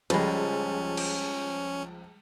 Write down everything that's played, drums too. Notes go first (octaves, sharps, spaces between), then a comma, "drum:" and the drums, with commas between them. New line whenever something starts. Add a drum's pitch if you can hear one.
C#2 F3 G3 G#3 C#4, drum: cymbal
drum: cymbal